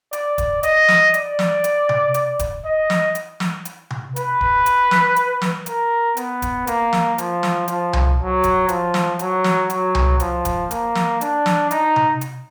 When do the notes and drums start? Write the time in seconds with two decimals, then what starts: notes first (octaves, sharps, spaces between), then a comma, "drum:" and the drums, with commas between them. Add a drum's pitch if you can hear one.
0.13 D5, drum: hi-hat
0.38 drum: kick D#1, hi-hat
0.63 D#5, drum: hi-hat
0.88 drum: snare
1.14 D5, drum: hi-hat
1.39 drum: snare
1.64 drum: hi-hat
1.89 drum: tom C3
2.14 drum: hi-hat
2.39 drum: kick D#1, hi-hat
2.65 D#5
2.90 drum: snare
3.15 drum: hi-hat
3.40 drum: snare
3.65 drum: hi-hat
3.90 drum: tom C3
4.16 B4, drum: hi-hat
4.41 drum: kick D#1
4.66 drum: hi-hat
4.91 drum: snare
5.16 drum: hi-hat
5.42 drum: snare
5.66 A#4, drum: hi-hat
6.17 B3, drum: hi-hat
6.42 drum: kick D#1, hi-hat
6.67 A#3, drum: hi-hat
6.93 drum: snare
7.18 F3, drum: hi-hat
7.43 drum: snare
7.68 F3, drum: hi-hat
7.93 drum: tom C2
8.19 F#3
8.44 drum: kick D#1, hi-hat
8.69 F3, drum: hi-hat
8.94 drum: snare
9.19 F#3, drum: hi-hat
9.44 drum: snare
9.70 F#3, drum: hi-hat
9.95 drum: tom C2
10.20 F3, drum: hi-hat
10.45 drum: kick D#1, hi-hat
10.71 A#3, drum: hi-hat
10.95 drum: snare
11.21 D4, drum: hi-hat
11.46 drum: snare
11.71 D#4, drum: hi-hat
11.96 drum: tom C3
12.21 drum: hi-hat